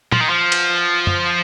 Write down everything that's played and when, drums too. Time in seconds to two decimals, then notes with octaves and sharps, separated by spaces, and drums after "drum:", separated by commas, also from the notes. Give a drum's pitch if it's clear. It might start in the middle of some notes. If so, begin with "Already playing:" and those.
0.12 F3, drum: tom
0.20 D#3
0.30 F3
0.52 drum: cymbal
1.07 drum: tom F#2